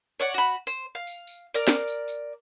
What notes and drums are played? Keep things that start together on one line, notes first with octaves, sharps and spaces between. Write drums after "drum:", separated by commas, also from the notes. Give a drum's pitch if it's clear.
C#5 D5 F#5
F#4 B5
C5, drum: tambourine
F5
drum: tambourine
drum: tambourine
A#4 D5
drum: snare
drum: tambourine
drum: tambourine